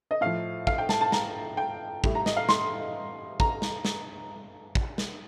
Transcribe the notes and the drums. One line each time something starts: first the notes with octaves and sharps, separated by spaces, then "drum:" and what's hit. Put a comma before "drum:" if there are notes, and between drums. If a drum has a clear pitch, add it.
D#5
A2 F3 F5
F5, drum: kick
G5
A5, drum: snare
A5
A#5, drum: snare
G5
A2 G3, drum: kick
A#5
D#5, drum: snare
F5
C6, drum: snare
A#5, drum: kick
drum: snare
drum: snare
drum: kick
drum: snare